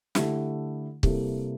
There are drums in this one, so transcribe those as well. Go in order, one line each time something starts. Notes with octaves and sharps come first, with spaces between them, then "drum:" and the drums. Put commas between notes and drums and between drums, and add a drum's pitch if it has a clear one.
D3 A3 E4 G4, drum: snare
C3 G3 A#3 E4 A4, drum: kick